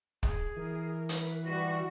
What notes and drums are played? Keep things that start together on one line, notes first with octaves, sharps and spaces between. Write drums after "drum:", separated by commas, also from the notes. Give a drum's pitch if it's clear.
G#4, drum: kick
E3 A#4
B4, drum: hi-hat
G3 F#4